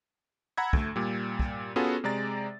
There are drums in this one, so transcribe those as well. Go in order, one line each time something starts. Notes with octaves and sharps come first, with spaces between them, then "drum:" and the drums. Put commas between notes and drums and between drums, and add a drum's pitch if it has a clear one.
F#5 A#5 B5 E6 G#6
D2 A3, drum: kick
A#2 G3
drum: kick
B3 C#4 F4 F#4 G#4 A4
C3 G#3 D5 A#5 A6